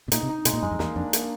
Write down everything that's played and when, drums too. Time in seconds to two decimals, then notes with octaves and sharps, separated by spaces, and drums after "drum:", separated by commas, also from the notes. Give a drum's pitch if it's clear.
0.08 B2
0.12 A#2 D#4, drum: hi-hat
0.23 C3
0.29 D#4
0.45 B2 G#3, drum: hi-hat
0.54 A#2
0.62 F#2 G#3
0.72 F2
0.79 E2 A#3, drum: snare
0.96 F2 D4
1.13 A#3, drum: hi-hat